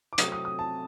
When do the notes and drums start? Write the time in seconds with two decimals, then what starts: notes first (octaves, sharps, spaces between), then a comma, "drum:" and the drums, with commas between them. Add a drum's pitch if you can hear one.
0.13 D6
0.18 C3 F#3 A3 C4 D#6, drum: hi-hat
0.32 D#6
0.45 D#6
0.59 A5